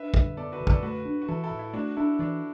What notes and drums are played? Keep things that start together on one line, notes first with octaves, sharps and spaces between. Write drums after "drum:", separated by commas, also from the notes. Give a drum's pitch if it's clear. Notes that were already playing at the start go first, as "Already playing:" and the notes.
Already playing: D4 B4 E5
D3, drum: kick
B3 A4 D5
F#4 B4
D3
A4 D5, drum: kick
A3 F#4 B4
D4
F#4
E3 E4 A4
E4 A4
A2
E4
A3 D4 F#4
D4 E4 A4
E3 D4 F#4